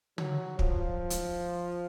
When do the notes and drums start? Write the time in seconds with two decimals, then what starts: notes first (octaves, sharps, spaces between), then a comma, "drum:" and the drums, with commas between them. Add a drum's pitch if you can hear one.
0.18 F#3, drum: tom
0.59 F3, drum: kick
1.10 drum: hi-hat